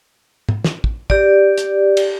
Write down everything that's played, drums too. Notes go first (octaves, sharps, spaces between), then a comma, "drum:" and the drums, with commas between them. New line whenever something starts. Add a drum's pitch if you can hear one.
drum: tom
drum: snare
drum: kick
G4 D5, drum: kick
drum: hi-hat
drum: cymbal